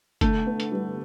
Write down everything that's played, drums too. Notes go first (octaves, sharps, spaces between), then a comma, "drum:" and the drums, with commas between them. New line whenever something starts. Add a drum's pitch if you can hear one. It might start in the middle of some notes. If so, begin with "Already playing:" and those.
D3 A3, drum: kick, hi-hat
B3
drum: hi-hat
G3